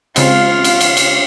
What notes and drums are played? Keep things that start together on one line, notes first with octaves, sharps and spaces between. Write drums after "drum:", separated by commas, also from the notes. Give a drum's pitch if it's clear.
C#3 G#3 C4 F4 F5, drum: cymbal
drum: cymbal
drum: cymbal
drum: cymbal